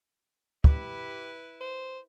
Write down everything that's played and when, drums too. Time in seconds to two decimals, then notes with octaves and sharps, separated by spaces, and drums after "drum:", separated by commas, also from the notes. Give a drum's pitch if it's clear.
0.64 E4 G4 B4, drum: kick
1.61 C5